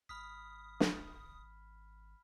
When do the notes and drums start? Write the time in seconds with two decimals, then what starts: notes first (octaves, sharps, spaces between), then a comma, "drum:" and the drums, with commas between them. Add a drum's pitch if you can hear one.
0.09 G#1 B5 D#6 F6 B6
0.80 drum: snare